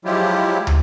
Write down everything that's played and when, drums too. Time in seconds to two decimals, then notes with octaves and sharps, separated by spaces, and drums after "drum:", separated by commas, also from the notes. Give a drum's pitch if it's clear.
0.05 F3 F#3 G#3 E4 F4 G4
0.67 drum: tom